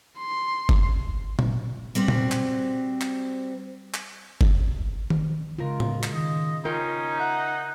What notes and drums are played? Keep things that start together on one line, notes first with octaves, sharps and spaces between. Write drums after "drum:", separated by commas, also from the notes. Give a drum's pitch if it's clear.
C6
drum: kick F#1
drum: tom A#2
G3 C4 F#4 C5
drum: tom A#2
drum: clap
drum: clap
drum: clap
drum: kick F#1
drum: tom D#3
C#2 C#3 F4 A#4
drum: tom A2
drum: clap
D#3 D#5
C#4 D#4 F4 A#4 G5
E5 F#5